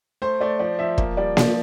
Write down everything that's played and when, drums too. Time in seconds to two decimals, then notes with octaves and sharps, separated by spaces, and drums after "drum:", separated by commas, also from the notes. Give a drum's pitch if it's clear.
0.22 A3 C5
0.41 A3 D5
0.59 F3 D5
0.79 F3 E5
0.98 A#3, drum: kick
1.17 G3 D5
1.37 F3 D5, drum: snare A#3